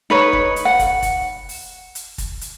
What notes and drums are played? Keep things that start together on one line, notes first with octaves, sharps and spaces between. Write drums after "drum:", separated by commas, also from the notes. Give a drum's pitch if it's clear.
D#4 B4 C#5
drum: kick
drum: hi-hat
F#5
drum: kick, hi-hat
drum: kick, hi-hat
drum: open hi-hat
drum: hi-hat
drum: kick, hi-hat
drum: hi-hat